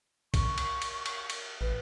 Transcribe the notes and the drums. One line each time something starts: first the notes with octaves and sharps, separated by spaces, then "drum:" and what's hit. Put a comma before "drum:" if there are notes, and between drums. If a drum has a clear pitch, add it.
C#6, drum: kick, cymbal
drum: cymbal
drum: cymbal
drum: cymbal
drum: cymbal
A1 B4